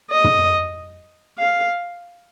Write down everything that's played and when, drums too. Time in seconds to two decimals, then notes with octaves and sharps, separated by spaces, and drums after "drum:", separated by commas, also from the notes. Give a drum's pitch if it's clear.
0.11 D#5
0.24 drum: tom
1.39 F5